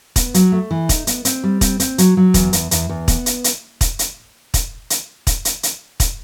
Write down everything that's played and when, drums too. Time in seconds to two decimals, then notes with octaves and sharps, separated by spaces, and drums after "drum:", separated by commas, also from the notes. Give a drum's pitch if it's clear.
0.16 B3, drum: kick, hi-hat
0.34 F#3, drum: hi-hat
0.52 A3
0.71 E3
0.89 D#4, drum: kick, hi-hat
1.07 B3, drum: hi-hat
1.25 C4, drum: hi-hat
1.44 G3
1.61 C4, drum: kick, hi-hat
1.80 C4, drum: hi-hat
1.98 F#3, drum: hi-hat
2.17 F#3
2.34 E2, drum: kick, hi-hat
2.53 E2, drum: hi-hat
2.71 E2, drum: hi-hat
2.89 E2
3.08 B3, drum: kick, hi-hat
3.26 drum: hi-hat
3.44 drum: hi-hat
3.81 drum: kick, hi-hat
3.99 drum: hi-hat
4.54 drum: kick, hi-hat
4.90 drum: hi-hat
5.27 drum: kick, hi-hat
5.45 drum: hi-hat
5.63 drum: hi-hat
6.00 drum: kick, hi-hat